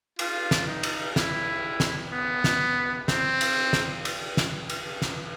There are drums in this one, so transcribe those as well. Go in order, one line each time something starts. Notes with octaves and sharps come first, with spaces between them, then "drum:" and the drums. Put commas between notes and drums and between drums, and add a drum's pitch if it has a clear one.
F4, drum: cymbal
drum: snare
D#4
drum: cymbal
E4, drum: snare
drum: snare
B3
drum: snare
C4, drum: snare
drum: cymbal
drum: snare
drum: cymbal
drum: snare
drum: cymbal
drum: snare